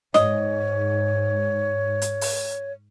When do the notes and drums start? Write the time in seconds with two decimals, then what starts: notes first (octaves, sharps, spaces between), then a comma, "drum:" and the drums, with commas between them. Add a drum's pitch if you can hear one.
0.14 G#2 C#5 D#5, drum: snare
2.02 drum: hi-hat
2.21 drum: open hi-hat